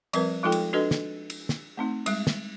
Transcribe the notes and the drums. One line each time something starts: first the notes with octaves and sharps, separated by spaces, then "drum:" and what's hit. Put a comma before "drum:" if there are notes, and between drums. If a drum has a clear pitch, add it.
F3 G3 C4 A#4 B4, drum: cymbal
F3 G#3 D#4 F4 A4 G5
drum: cymbal
D4 F#4 A4 B4 D#5
drum: snare
drum: cymbal
drum: snare
A3 C4 D#4
G3 G#3, drum: cymbal
drum: snare